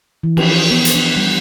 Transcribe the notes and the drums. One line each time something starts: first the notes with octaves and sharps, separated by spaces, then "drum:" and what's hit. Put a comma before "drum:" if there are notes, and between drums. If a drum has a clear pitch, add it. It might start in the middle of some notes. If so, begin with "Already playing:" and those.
E3
F3, drum: cymbal
B3
drum: hi-hat
D4
G3